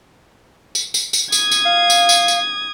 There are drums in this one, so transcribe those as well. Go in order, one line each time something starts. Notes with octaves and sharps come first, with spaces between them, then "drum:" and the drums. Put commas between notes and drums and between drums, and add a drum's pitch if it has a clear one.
drum: tambourine
drum: tambourine
drum: tambourine
D#6 G#6, drum: tambourine
drum: tambourine
F5
drum: tambourine
drum: tambourine
drum: tambourine